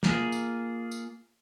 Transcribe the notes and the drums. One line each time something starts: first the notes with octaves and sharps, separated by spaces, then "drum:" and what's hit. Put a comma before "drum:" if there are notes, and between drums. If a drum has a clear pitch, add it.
A#3 F4 G#4, drum: snare
drum: tambourine
drum: tambourine